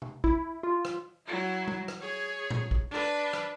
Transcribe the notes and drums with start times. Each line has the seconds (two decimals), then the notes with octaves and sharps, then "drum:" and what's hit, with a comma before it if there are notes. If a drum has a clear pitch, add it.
0.02 drum: tom
0.24 E4, drum: kick
0.63 F4
0.85 drum: rim click
1.26 F#3 E4
1.68 drum: tom G3
1.88 drum: rim click
2.01 G#4 C#5
2.50 drum: tom A#2
2.71 drum: kick
2.91 D4 B4
3.33 drum: rim click